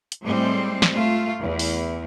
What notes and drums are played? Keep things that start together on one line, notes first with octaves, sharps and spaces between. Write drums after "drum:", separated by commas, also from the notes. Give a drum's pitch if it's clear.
drum: hi-hat
A2 G3 G#3 C4
drum: snare
A3 F4
E2
drum: open hi-hat